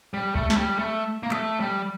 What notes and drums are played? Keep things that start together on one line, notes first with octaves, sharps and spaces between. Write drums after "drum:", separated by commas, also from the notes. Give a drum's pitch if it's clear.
G3
A3, drum: kick C#2
A3, drum: snare
G3
A3
A#3
A3, drum: clap
G3